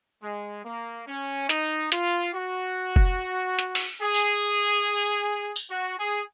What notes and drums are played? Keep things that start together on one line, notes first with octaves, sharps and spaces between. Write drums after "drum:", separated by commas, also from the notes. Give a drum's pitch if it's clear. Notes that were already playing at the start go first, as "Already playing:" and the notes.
G#3
A#3
C#4
D#4, drum: hi-hat
F4, drum: hi-hat
F#4
drum: kick F1
drum: hi-hat
drum: open hi-hat
G#4
drum: tambourine
drum: tambourine
F#4
G#4